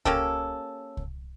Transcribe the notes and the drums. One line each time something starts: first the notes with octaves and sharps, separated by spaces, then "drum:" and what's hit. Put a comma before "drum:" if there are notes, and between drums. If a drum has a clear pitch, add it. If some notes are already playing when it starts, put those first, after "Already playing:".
A#3 C#4 G4 A4, drum: kick C2
drum: kick C2